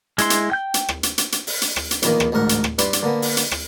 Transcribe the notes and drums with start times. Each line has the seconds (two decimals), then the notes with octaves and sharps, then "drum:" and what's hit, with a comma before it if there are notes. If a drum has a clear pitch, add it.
0.18 G#3 E4 C6, drum: hi-hat
0.30 drum: hi-hat
0.52 G5 G6
0.74 drum: hi-hat
0.89 drum: rim click
1.03 drum: hi-hat
1.18 drum: hi-hat
1.32 drum: hi-hat
1.47 drum: open hi-hat
1.62 drum: hi-hat
1.76 drum: rim click
1.91 drum: hi-hat
2.02 A#1 E2 D#3 A#3, drum: hi-hat
2.20 drum: rim click
2.32 A1 D2 G#2 A#4 F#5
2.49 drum: hi-hat
2.64 drum: rim click
2.78 G2 E4 B4 D5 C6, drum: hi-hat
2.93 drum: hi-hat
3.03 D3 A#3 B3
3.22 drum: open hi-hat
3.37 drum: hi-hat
3.51 drum: rim click